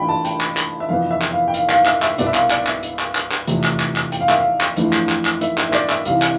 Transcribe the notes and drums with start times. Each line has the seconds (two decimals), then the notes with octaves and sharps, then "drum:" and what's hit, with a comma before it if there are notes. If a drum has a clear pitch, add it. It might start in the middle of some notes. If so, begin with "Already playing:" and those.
Already playing: A1 A2 G3 D4 F4 G5 B5
0.09 A5
0.25 G5, drum: hi-hat
0.41 drum: clap
0.57 drum: clap
0.80 E5
0.89 F1 F2 E3 B3 E4 F5
1.11 E5
1.21 drum: clap
1.32 F5
1.48 G5
1.54 F5, drum: hi-hat
1.70 F5, drum: clap
1.86 E5, drum: clap
2.02 E5, drum: clap
2.18 C2 B2 B3 D5, drum: hi-hat
2.27 E5
2.34 F5, drum: clap
2.50 D5, drum: clap
2.67 E5, drum: clap
2.83 drum: hi-hat
2.99 drum: clap
3.15 drum: clap
3.31 drum: clap
3.47 F1 E2 C3 F3 A3, drum: hi-hat
3.64 drum: clap
3.80 drum: clap
3.96 drum: clap
4.12 G5, drum: hi-hat
4.20 F5
4.29 E5, drum: clap
4.38 F5
4.60 drum: clap
4.77 G1 F2 E3 A3, drum: hi-hat
4.93 drum: clap
5.09 drum: clap
5.25 drum: clap
5.41 E5, drum: hi-hat
5.58 E5, drum: clap
5.69 E5
5.73 D5, drum: clap
5.90 E5, drum: clap
6.05 C2 C3 E3 F5, drum: hi-hat
6.22 drum: clap